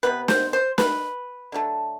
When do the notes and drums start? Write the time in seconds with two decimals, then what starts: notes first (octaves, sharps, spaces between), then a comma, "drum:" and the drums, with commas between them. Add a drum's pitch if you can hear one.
0.03 C3 F#3 B3 B4
0.28 C5, drum: snare
0.53 C5
0.78 B4, drum: snare
1.52 D3 F#3 A3